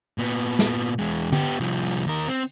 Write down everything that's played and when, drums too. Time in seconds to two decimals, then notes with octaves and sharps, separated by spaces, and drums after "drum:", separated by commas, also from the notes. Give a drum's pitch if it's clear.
0.18 A#2 B3
0.59 drum: snare
0.99 E2 G#3
1.33 B3 G4, drum: tom D3
1.60 C2 F3
1.85 drum: open hi-hat
2.07 D#2 A#4
2.28 C4